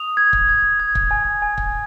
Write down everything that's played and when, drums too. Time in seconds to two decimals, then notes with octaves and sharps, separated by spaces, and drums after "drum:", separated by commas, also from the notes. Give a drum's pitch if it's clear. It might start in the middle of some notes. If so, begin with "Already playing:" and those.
Already playing: D#6 F7
0.17 G#6
0.33 drum: kick
0.49 G#6
0.80 G#6
0.95 drum: kick
1.11 G#5
1.42 G#5
1.58 drum: kick